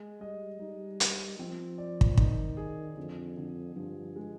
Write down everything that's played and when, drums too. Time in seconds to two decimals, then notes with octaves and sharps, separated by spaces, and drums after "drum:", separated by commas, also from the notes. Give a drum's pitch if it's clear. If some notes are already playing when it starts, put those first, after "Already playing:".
Already playing: G#3
0.20 G3 D#5
0.60 G3 D#4
1.00 A#4, drum: hi-hat
1.39 F3 C4
1.78 D5
2.01 drum: kick
2.17 D#3 D#4, drum: kick
2.57 G#4
2.97 F2 D3
3.37 D3
3.76 G2 F3
4.16 G#3